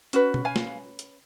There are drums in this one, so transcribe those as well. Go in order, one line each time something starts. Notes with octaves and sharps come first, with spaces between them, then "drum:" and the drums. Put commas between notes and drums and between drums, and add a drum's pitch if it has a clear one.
C#4 F#4 B4, drum: hi-hat
drum: tom B2
F5 G#5
drum: snare
drum: hi-hat